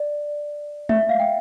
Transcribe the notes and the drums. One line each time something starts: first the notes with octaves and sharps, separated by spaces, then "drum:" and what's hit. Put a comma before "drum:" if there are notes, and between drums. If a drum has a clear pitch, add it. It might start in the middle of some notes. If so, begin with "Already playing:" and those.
Already playing: D5
E5, drum: tom G#3
F5
G5